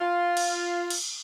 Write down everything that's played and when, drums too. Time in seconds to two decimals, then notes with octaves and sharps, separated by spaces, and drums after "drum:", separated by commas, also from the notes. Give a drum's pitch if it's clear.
0.01 F4
0.37 drum: cymbal
0.90 drum: cymbal